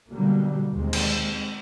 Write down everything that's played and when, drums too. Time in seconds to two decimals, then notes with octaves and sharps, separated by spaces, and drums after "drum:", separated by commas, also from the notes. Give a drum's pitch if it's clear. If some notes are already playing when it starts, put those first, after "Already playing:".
0.12 B2 D3 F#3 G3 A#3
0.73 D#2 G#3 C4
0.93 drum: cymbal